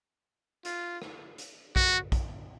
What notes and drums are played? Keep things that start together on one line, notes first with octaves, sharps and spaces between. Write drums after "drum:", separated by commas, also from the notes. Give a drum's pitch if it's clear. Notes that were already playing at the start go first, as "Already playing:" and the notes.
F4, drum: hi-hat
drum: rim click
drum: hi-hat
F#4, drum: kick A#1
drum: kick A#1, hi-hat